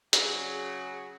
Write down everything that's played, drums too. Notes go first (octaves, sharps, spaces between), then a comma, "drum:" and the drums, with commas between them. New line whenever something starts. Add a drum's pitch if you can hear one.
C#3 F#3 F#4 G#4, drum: hi-hat